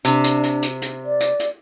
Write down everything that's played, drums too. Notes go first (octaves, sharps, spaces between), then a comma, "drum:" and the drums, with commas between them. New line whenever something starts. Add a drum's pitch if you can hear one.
C3 D4, drum: hi-hat
drum: hi-hat
drum: hi-hat
drum: hi-hat
drum: hi-hat
D5
drum: hi-hat
drum: hi-hat